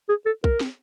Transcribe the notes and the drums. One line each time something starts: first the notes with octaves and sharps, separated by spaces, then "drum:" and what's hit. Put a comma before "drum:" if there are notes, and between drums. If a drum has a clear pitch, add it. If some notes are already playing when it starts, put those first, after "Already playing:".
G#4
A4
A#4, drum: kick B1
drum: snare